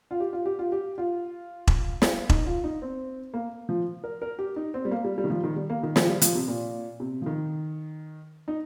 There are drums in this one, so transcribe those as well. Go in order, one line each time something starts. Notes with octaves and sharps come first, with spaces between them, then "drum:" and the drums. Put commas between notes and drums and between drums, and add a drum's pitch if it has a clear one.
F4
G4
F4
G4
F4
G4
F4
drum: kick E1
drum: snare
D#4, drum: kick E1
F4
D#4
C4
A#3
F3
A#4
A#4
G4
D#4
C4
G3
A#3
G3
G3
D#3
F3
D#3
G3
A#3
D#3
F3, drum: snare
G3
F3, drum: hi-hat
C3
A#2
C3
F3
D#3
D#4